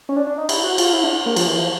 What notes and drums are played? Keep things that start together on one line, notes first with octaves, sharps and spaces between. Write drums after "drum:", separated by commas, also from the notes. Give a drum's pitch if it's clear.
C#4
D4
D4
D#4
E4, drum: cymbal
F#4
F4, drum: cymbal
E4
D4
A#3
F3, drum: cymbal
E3
F3